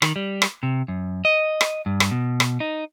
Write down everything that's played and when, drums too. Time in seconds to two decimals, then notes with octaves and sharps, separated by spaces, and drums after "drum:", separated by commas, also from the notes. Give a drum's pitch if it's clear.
0.02 D#3, drum: rim click
0.16 G3
0.42 drum: rim click
0.63 C3
0.88 F#2
1.25 D#5
1.61 drum: rim click
1.86 G2
2.00 drum: rim click
2.11 B2
2.40 drum: rim click
2.60 D#4